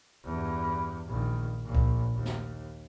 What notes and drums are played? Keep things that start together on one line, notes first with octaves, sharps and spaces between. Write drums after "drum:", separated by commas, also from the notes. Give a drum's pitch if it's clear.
E2 G2
A#1 D#3
A#1 A#2
drum: kick C#2
D#2
drum: snare